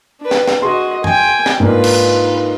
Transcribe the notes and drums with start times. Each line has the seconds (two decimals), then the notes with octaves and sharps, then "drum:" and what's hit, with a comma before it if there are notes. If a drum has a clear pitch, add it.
0.21 D4 B4
0.31 drum: snare
0.47 drum: snare
0.62 F#4 G#4 D#5 C6
1.04 G5 G#5, drum: tom F#2
1.46 drum: snare
1.60 G#2 A#3 D4 F4 B4
1.84 drum: cymbal